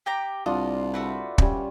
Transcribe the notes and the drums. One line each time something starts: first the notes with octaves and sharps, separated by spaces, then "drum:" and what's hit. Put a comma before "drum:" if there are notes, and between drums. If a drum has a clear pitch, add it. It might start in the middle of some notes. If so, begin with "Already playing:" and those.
G4 G5 A#5
C2 D4 F4 D#5 F#5
A3 F#4 B4
G3 C#4, drum: kick